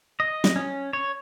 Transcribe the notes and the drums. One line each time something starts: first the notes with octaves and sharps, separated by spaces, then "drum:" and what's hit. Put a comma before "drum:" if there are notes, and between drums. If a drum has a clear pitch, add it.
D#5
drum: snare
C#4
C#5